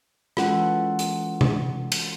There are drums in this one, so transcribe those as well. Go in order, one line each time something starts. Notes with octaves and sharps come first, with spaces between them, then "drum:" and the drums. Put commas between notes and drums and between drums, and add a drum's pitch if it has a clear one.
E3 G#3 C#4 F4 A4 F#5, drum: rim click
drum: hi-hat
drum: tom
drum: cymbal